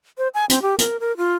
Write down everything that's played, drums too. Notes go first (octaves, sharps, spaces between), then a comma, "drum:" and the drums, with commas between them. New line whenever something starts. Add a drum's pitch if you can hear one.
C5
G#5
C4, drum: hi-hat
G4
A#4, drum: hi-hat
A#4
F4